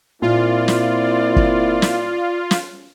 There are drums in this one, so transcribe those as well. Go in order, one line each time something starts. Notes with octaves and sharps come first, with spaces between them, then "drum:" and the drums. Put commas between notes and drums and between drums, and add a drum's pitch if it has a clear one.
A#2 A#3 C4 E4 F4 D5
drum: snare
drum: kick F#1
drum: snare
drum: snare